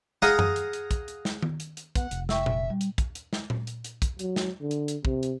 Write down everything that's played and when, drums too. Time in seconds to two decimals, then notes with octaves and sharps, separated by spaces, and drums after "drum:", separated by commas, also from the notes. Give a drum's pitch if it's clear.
0.22 G#4 D#5 F5 F#5 A#5 D#6, drum: snare
0.39 drum: tom F#2
0.56 drum: hi-hat
0.73 drum: hi-hat
0.91 drum: kick, hi-hat
1.08 drum: hi-hat
1.25 drum: snare
1.42 drum: tom D#3
1.60 drum: hi-hat
1.77 drum: hi-hat
1.95 B3 F#5, drum: kick, hi-hat
2.11 F1, drum: hi-hat
2.29 E5 G5 C#6 E6, drum: snare
2.46 drum: tom A#2
2.70 G3
2.81 drum: hi-hat
2.98 drum: kick, hi-hat
3.15 drum: hi-hat
3.33 drum: snare
3.50 drum: tom A#2
3.67 drum: hi-hat
3.84 drum: hi-hat
4.02 drum: kick, hi-hat
4.19 F#3, drum: hi-hat
4.36 drum: snare
4.61 D3
4.71 drum: hi-hat
4.88 drum: hi-hat
5.05 C3, drum: kick
5.23 drum: hi-hat